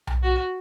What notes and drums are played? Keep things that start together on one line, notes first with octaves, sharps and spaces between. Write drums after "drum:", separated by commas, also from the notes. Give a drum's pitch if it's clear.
drum: tom B1
F#4